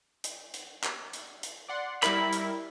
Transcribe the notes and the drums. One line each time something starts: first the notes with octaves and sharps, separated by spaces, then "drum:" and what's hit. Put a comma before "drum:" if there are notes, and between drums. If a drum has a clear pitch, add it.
drum: hi-hat
drum: hi-hat
drum: clap
drum: hi-hat
drum: hi-hat
D5 F#5 C6
G3 E4 A#4 B5, drum: clap
drum: hi-hat